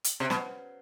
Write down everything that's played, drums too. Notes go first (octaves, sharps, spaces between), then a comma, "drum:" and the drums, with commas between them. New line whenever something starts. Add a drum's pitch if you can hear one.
drum: hi-hat
C3
B2, drum: snare